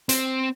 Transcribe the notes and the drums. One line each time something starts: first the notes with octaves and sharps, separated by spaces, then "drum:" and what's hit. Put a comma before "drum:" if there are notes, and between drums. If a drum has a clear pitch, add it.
C4, drum: hi-hat